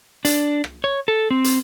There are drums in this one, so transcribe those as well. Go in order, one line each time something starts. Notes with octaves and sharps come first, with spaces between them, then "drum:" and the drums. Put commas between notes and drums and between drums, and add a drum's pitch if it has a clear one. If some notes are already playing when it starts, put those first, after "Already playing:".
D4, drum: hi-hat
drum: rim click
C#5
A4
C4
drum: hi-hat